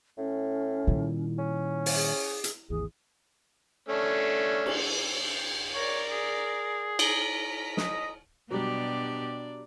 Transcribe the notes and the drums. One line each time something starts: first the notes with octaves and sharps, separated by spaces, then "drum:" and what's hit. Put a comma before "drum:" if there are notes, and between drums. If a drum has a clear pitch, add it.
A2 C#4
A#2 D#3 G3 E4
C#4
drum: open hi-hat
G#4
drum: hi-hat
G#1 D#2 E3 G#4
A3 C#4 D4
drum: cymbal
A#4 C#5 D5
G#4
A#5 B6, drum: cymbal
D#5, drum: snare
B2 F#3 G3 D4 G4 D5